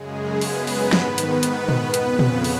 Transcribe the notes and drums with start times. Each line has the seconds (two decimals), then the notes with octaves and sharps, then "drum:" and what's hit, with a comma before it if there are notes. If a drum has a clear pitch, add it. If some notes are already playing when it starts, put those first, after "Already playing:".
Already playing: F#2 C#3 G#3 G#4
0.41 B3 B4, drum: open hi-hat
0.67 drum: open hi-hat
0.93 G#2 D#3, drum: snare
1.18 drum: hi-hat
1.43 B3 B4, drum: hi-hat
1.68 drum: tom A#2
1.94 F2 C#3, drum: hi-hat
2.19 drum: tom A#2
2.44 drum: open hi-hat